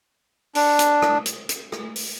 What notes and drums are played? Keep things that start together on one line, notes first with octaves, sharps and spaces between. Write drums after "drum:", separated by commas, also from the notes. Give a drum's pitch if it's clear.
D4, drum: open hi-hat
drum: hi-hat
drum: rim click
drum: hi-hat
drum: hi-hat
drum: rim click
drum: open hi-hat